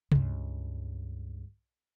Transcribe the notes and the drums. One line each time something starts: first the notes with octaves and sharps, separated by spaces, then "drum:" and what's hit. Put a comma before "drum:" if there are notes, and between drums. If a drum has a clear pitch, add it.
C#2 G2, drum: tom C3